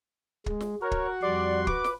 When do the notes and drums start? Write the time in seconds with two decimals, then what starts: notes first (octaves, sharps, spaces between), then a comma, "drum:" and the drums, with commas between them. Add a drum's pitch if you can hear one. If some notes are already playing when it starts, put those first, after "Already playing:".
0.46 G#3, drum: kick
0.61 drum: snare
0.82 F#4 A#4 C#5
0.91 drum: kick
1.22 F2 G3 D5 C6
1.67 B4 D6, drum: kick
1.84 drum: snare